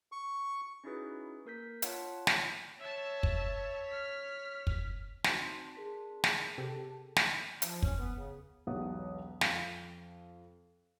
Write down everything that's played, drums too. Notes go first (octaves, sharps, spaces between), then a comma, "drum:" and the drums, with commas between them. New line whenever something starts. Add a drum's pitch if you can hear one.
C#6
C#4 D#4 E4 F#4 G#4 B4
A#3 A#4 G6 B6
F4 C#5 F#5 A5, drum: hi-hat
drum: snare
C#5 E5 A5
drum: kick
F6 B6
drum: kick
C4 D4 D#4 F#4 C6, drum: snare
G#4 A#4 B6
drum: snare
C3 G4 A4
drum: snare
F3, drum: hi-hat
C#4, drum: kick
B3
C#3
E1 B1 F#3 G4 F#5 D#6
F2 F5 F7 G7, drum: snare